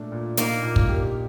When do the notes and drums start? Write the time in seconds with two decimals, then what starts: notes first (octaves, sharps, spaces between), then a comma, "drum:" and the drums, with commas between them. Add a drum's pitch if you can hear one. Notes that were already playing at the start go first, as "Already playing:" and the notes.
Already playing: A#2 A3 D4
0.12 A#2
0.37 A#3 D#4, drum: hi-hat
0.63 A#2
0.76 drum: kick
0.88 G4